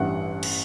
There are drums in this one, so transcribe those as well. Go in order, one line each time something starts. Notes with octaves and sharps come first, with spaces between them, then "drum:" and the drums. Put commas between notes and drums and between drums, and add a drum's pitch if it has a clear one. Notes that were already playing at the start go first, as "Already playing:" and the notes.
Already playing: A1 G2 E3 F#5
drum: cymbal